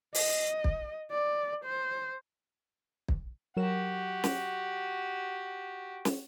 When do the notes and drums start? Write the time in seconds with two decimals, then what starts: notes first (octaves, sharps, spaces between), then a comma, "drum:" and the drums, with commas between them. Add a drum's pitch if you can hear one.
0.15 D#5, drum: open hi-hat
0.64 drum: kick
1.11 D5
1.65 C5
3.08 drum: kick
3.57 F#3 F#4 G4 A#4 E7
4.24 drum: snare
6.05 drum: snare